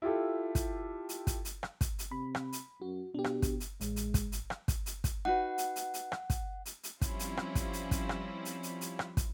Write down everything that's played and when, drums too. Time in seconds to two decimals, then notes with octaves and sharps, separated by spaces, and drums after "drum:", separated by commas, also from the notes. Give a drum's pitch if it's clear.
0.02 E4 F4 G4 A4
0.55 drum: kick, hi-hat
1.09 drum: hi-hat
1.27 drum: kick, hi-hat
1.45 drum: hi-hat
1.63 drum: rim click
1.81 drum: kick, hi-hat
1.99 drum: hi-hat
2.11 C3 B5
2.35 drum: rim click
2.53 drum: hi-hat
2.82 F#2 F#4
3.15 B2 D4 G4
3.24 drum: rim click
3.42 drum: kick, hi-hat
3.60 drum: hi-hat
3.81 A1 G#3, drum: hi-hat
3.96 drum: hi-hat
4.14 drum: kick, hi-hat
4.32 drum: hi-hat
4.50 drum: rim click
4.68 drum: kick, hi-hat
4.86 drum: hi-hat
5.04 drum: kick, hi-hat
5.25 D#4 F#4 B4 F#5
5.58 drum: hi-hat
5.76 drum: hi-hat
5.94 drum: hi-hat
6.12 drum: rim click
6.30 drum: kick, hi-hat
6.66 drum: hi-hat
6.83 drum: hi-hat
7.01 F3 G3 C4 C#4 E4 F4, drum: kick, hi-hat
7.19 drum: hi-hat
7.37 drum: rim click
7.55 drum: kick, hi-hat
7.73 drum: hi-hat
7.91 drum: kick, hi-hat
8.09 drum: rim click
8.45 drum: hi-hat
8.63 drum: hi-hat
8.81 drum: hi-hat
8.99 drum: rim click
9.17 drum: kick, hi-hat